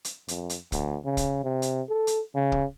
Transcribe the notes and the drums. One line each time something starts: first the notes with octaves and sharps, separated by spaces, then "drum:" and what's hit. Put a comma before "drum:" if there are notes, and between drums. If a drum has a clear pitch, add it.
drum: hi-hat
F2, drum: hi-hat
drum: hi-hat
D2, drum: kick, hi-hat
C#3
drum: kick, hi-hat
C3
drum: hi-hat
A4
drum: hi-hat
C#3
drum: kick